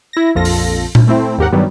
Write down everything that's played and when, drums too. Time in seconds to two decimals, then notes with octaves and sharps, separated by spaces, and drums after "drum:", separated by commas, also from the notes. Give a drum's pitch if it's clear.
0.13 E4 A#6
0.35 A#1 F2 F4 A4 A#6
0.45 drum: open hi-hat
0.95 drum: tom A#2
1.07 A3 C4 E4
1.38 D#2 G#2 G4 A#4 F#5
1.52 G2 D#3 F#3 G3 B3